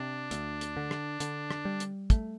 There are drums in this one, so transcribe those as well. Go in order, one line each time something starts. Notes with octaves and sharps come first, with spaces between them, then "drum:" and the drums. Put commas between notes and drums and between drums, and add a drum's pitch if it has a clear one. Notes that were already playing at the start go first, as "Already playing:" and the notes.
Already playing: C3 D4
D2, drum: hi-hat
drum: hi-hat
D3
drum: rim click
D3, drum: hi-hat
drum: rim click
G3
drum: hi-hat
A3, drum: kick, hi-hat